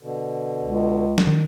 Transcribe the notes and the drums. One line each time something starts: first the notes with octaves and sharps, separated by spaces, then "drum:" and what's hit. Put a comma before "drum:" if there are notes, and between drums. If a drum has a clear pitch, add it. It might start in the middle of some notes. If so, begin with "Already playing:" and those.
B2 D3
C#2
drum: snare
D#3